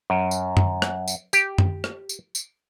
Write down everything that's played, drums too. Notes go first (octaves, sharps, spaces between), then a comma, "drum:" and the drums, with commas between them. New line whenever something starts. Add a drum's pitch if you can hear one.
F#2
drum: tambourine
drum: tom F#2
drum: rim click
drum: tambourine
G4, drum: tambourine
drum: tom F#2
drum: rim click
drum: tambourine
drum: tambourine